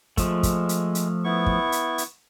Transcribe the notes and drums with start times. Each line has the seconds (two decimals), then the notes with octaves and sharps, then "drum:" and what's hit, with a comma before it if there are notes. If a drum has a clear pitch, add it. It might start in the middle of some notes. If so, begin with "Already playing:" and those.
0.17 F3 G#3 A3, drum: kick, hi-hat
0.43 drum: kick, hi-hat
0.69 drum: hi-hat
0.95 drum: hi-hat
1.24 B3 E4 C#6
1.46 drum: kick
1.72 drum: hi-hat
1.98 drum: hi-hat